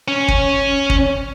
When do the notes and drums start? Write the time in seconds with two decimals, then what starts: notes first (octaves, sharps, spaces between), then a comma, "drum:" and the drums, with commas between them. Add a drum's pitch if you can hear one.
0.08 C#4
0.28 drum: kick
0.90 drum: kick